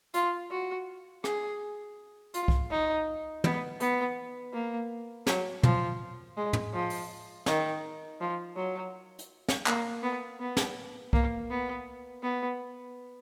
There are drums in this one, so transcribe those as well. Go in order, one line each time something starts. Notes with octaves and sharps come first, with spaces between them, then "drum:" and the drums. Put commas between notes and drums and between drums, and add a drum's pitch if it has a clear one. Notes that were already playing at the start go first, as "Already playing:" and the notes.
F4, drum: hi-hat
F#4
G#4, drum: rim click
F4, drum: hi-hat
drum: kick
D#4
B3, drum: tom
B3, drum: hi-hat
A#3
F#3, drum: snare
F3, drum: tom
G#3
drum: tom
F3
drum: open hi-hat
D#3, drum: snare
F3
F#3
drum: hi-hat
drum: snare
A#3, drum: clap
B3
B3
drum: snare
A#3, drum: kick
B3
B3